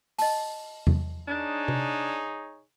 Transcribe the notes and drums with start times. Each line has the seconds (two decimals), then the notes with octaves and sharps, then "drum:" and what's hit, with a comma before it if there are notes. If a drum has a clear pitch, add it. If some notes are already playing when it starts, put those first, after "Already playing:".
0.19 D#5 A5, drum: open hi-hat
0.87 drum: tom E2
1.28 D4 D#4 G#4 C#5
1.68 drum: tom C3